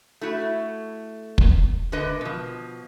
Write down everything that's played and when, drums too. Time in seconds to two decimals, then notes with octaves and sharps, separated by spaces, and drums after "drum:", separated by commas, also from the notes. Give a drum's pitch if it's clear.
0.21 A3 E4 F#4
1.38 drum: kick
1.92 D3 G#3 A#4 B4 D#5
2.21 B2 F3